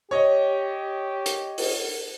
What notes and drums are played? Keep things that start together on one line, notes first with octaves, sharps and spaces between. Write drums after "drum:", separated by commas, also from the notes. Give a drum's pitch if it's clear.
G4 C#5 D#5
drum: hi-hat
drum: open hi-hat